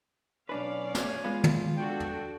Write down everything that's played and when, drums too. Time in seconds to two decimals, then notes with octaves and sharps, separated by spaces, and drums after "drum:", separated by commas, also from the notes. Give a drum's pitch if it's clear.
0.49 B1 C#4 D4 B4 D5 F5
0.95 A3 G#5, drum: snare
1.24 G#3 B3 F4
1.44 drum: tom
1.77 D4 F#4 A4 G5
2.00 drum: tom